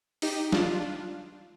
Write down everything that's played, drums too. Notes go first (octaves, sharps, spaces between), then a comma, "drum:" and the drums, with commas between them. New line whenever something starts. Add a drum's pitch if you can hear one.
D#4 G4, drum: open hi-hat
D4 F4, drum: snare